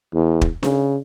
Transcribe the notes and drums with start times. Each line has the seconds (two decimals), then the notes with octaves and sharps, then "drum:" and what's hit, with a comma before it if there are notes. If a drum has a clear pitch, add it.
0.14 E2
0.41 drum: kick
0.63 C#3, drum: snare D4